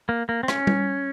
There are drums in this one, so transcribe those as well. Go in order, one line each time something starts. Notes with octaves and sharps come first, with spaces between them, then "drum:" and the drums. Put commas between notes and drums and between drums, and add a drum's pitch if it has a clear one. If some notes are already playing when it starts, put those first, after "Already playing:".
A#3
A#3
C4
C#4, drum: rim click
drum: tom G3